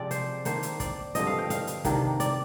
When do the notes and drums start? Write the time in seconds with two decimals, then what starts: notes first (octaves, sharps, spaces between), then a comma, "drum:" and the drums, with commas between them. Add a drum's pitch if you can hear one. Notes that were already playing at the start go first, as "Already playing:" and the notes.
Already playing: C3 F3 G#3 C4 D5
0.11 C5, drum: hi-hat
0.45 D#3 A#3 D4 C5, drum: hi-hat
0.63 drum: hi-hat
0.80 D5, drum: kick, hi-hat
1.15 G2 D3 F3 C4 D#5, drum: hi-hat
1.27 F5
1.38 G5
1.50 F5, drum: hi-hat
1.67 drum: hi-hat
1.84 C3 D#3 A#3 D4, drum: kick, hi-hat
2.20 D5, drum: hi-hat